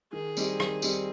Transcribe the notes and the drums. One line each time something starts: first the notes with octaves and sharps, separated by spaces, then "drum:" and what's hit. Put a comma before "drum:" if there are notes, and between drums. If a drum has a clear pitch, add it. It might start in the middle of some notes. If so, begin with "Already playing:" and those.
D#3 G#4
G3 C4 D#4 G4, drum: tambourine
D#3, drum: rim click
G3 C4 D#4 G4, drum: tambourine